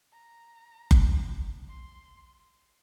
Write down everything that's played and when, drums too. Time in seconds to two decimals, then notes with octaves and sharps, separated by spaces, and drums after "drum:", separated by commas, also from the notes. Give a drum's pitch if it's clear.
0.12 A#5
0.91 drum: kick F#1
1.69 C6